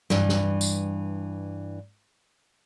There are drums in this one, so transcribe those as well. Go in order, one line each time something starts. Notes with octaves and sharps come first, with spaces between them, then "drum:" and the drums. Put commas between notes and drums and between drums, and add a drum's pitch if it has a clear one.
G2 E3, drum: snare
drum: snare
drum: tambourine